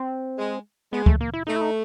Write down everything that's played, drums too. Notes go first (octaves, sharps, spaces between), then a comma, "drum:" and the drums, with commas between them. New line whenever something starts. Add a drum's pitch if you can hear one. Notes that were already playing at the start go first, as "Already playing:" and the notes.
Already playing: C4
G#3
G#3 B3
A3, drum: kick D2
A#3
E4
A3 D#4
E4
D#4